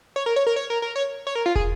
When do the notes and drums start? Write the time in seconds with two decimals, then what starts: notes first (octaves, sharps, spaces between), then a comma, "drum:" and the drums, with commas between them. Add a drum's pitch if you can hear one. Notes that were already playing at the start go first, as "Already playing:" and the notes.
0.16 C#5
0.26 A#4
0.36 C#5
0.47 A#4
0.56 C#5
0.70 A#4
0.82 A#4
0.96 C#5
1.27 C#5
1.35 A#4
1.46 F4
1.55 G#4, drum: kick